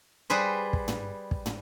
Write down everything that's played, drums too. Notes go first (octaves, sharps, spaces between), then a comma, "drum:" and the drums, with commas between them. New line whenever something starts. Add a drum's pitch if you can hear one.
G3 G#4 B4 C5
drum: kick
drum: tom
drum: kick
drum: tom